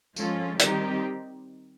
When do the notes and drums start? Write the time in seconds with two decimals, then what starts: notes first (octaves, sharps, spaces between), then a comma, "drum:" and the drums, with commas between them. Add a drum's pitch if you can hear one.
0.16 F3 G#3 C#4 F4 A4, drum: tambourine
0.60 D#3 G3 C4 D#4 G4, drum: hi-hat